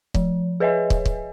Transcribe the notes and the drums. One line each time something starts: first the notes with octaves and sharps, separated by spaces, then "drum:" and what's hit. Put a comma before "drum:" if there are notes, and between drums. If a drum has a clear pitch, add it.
F3, drum: kick
G#4 B4 C#5 D#5 E5 G#5
drum: kick
drum: kick